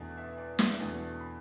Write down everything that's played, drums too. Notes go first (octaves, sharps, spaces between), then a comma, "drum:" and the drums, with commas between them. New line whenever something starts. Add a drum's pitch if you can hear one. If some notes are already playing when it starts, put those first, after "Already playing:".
Already playing: E2 B2 A3 D4 D5 E5
E5
D5
E5, drum: snare
E2 B2 A3 D4 A5
A5
B5